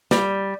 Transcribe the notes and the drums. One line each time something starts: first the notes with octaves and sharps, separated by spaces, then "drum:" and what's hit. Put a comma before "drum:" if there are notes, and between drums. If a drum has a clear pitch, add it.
G3, drum: snare